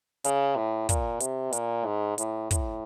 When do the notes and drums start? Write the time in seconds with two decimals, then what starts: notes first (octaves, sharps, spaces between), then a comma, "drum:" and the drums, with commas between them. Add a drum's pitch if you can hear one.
0.24 C#3, drum: hi-hat
0.56 A2
0.89 A#2, drum: kick, hi-hat
1.20 C3, drum: hi-hat
1.53 A#2, drum: hi-hat
1.85 G#2
2.18 A2, drum: hi-hat
2.51 A2, drum: kick, hi-hat